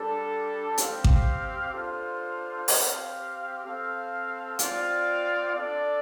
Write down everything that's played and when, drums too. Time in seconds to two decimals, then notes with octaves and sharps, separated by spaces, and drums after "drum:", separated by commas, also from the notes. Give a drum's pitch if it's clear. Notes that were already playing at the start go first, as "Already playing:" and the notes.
Already playing: G3 D4 A4
0.78 C4 G4 F5, drum: hi-hat
1.04 drum: kick A1
1.73 D4 F4 A4 C5 F5
2.68 C4 G4 F5, drum: open hi-hat
3.64 C4 A4 F5
4.59 C4 F4 D5 F5, drum: hi-hat
5.55 D4 A4 D5